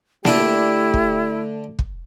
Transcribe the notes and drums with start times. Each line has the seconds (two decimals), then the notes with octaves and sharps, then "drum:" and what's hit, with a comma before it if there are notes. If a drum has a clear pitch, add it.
0.25 D3 A3 D4 E4 G4, drum: snare A#3
0.94 drum: kick
1.79 drum: kick